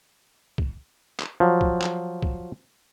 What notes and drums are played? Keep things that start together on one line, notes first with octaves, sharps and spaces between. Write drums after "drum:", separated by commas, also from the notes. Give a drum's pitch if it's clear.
drum: kick
drum: clap
F3 F#3
drum: kick
drum: clap
drum: kick